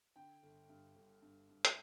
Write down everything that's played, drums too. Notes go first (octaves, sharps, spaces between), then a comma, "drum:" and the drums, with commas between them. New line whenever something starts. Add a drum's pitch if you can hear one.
D3 G5
G1
G2
G1
G2
G2
E5, drum: hi-hat